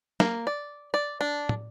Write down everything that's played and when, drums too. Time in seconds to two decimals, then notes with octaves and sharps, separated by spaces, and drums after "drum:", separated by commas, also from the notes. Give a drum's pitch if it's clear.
0.20 A#3, drum: snare
0.47 D5
0.94 D5
1.21 D4
1.49 drum: tom